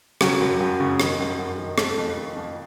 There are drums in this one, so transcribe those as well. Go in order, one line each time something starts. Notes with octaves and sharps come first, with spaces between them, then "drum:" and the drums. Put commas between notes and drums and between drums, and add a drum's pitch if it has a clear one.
C#3 F#3, drum: rim click
F#2
F#2
C#3
D#3, drum: rim click
F#2
F#2
D#3
C3 A3, drum: rim click
F2
D#3
F2